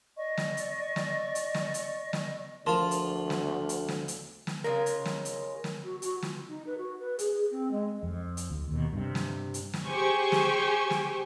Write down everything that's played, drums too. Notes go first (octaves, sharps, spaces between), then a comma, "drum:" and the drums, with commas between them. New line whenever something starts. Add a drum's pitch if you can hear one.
D5 D#5 C#6
drum: snare
drum: hi-hat
drum: snare
drum: hi-hat
drum: snare
drum: hi-hat
drum: snare
D2 F3 F4 A#4 A5 C6
drum: hi-hat
drum: snare
drum: hi-hat
drum: snare
drum: hi-hat
drum: snare
C#3 G#3 F4 A#4
drum: hi-hat
drum: snare
drum: hi-hat
drum: snare
F#4
F#4, drum: hi-hat
F4, drum: snare
D#4
B4
F#4
B4
G#4, drum: hi-hat
G#4
C4
G#3
F2
drum: hi-hat
D2
D#2 B2
G2 C3
drum: snare
drum: hi-hat
drum: snare
G4 G#4 C5 G5 G#5 C#6
drum: snare
drum: snare